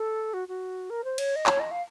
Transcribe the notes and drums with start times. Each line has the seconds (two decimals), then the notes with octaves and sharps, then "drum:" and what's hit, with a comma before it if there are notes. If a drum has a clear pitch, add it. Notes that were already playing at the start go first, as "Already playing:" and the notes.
Already playing: A4
0.34 F#4
0.48 F#4
0.90 A#4
1.04 C5
1.18 C#5, drum: cymbal
1.36 D#5
1.46 C#5, drum: clap
1.60 D#5
1.71 F5